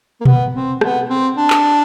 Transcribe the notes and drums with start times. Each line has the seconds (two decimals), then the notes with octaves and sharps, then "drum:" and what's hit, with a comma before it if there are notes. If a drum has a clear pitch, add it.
0.21 A#3
0.25 B3, drum: tom B2
0.54 C4
0.81 B3, drum: rim click
1.09 C4
1.37 D4
1.50 drum: clap